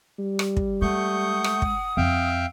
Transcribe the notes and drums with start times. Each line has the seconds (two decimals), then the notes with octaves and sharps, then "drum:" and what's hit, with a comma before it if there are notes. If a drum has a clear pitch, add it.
0.19 G3
0.39 drum: rim click
0.57 drum: kick
0.82 G#3 A3 F#5 C#6 D#6 G6
1.44 drum: rim click
1.62 drum: kick
1.97 F2 E5 F5 G5